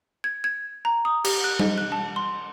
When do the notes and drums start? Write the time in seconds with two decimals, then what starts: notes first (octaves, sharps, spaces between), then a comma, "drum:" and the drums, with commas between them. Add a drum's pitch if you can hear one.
0.24 G#6
0.44 G#6
0.85 A#5
1.05 D#6
1.24 G4, drum: cymbal
1.44 F#6
1.60 D#5, drum: tom G3
1.78 F#6
1.92 A5
2.16 C6